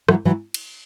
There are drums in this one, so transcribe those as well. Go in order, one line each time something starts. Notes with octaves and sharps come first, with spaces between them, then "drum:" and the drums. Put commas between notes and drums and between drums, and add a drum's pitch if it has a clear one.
E3 F#3, drum: rim click
E3 F#3
drum: cymbal